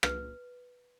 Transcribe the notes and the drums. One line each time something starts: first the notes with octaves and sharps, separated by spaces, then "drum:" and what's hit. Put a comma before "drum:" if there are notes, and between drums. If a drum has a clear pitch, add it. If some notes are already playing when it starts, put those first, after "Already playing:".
B4, drum: rim click